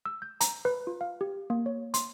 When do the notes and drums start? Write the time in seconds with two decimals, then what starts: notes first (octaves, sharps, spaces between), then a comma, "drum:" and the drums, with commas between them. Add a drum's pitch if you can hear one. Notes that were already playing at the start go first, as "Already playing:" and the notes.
0.06 E6
0.22 G6
0.41 A#5, drum: hi-hat
0.65 B4
0.87 F4
1.01 F5
1.21 G4
1.50 A#3
1.66 C#5
1.94 C6, drum: hi-hat